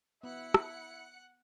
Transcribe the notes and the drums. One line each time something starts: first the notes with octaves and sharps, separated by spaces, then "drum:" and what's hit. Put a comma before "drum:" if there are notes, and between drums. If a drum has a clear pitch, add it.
B3 E4 F#5 F#6 C#7
drum: rim click